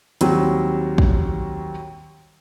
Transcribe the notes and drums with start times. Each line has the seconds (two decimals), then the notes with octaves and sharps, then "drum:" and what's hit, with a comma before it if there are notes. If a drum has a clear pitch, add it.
0.21 D#2 F#3 G3 C4, drum: hi-hat
0.98 drum: kick